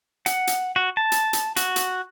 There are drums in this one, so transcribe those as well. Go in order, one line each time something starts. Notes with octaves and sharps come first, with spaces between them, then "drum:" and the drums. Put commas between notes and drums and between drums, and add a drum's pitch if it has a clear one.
F#5, drum: hi-hat
drum: hi-hat
F#4
A5
drum: hi-hat
drum: hi-hat
F#4, drum: hi-hat
drum: hi-hat